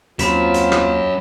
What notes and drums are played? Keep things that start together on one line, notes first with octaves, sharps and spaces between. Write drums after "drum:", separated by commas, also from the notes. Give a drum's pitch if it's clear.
D#2 F#3 C4 C#4 F4 B5 B6 E7, drum: hi-hat
drum: hi-hat
drum: rim click